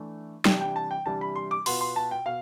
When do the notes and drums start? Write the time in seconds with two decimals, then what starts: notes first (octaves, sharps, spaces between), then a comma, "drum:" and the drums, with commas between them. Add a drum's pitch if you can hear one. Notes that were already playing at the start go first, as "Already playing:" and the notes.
Already playing: E3 A3 D4
0.45 C3 E3 G3 D4 G5, drum: snare
0.61 G5
0.76 A5
0.91 G5
1.06 C3 E3 G3 D4 A5
1.21 B5
1.36 C6
1.51 D6
1.66 B2 B3 F4 C6, drum: open hi-hat
1.81 C6
1.96 A5
2.11 G5
2.26 B2 F5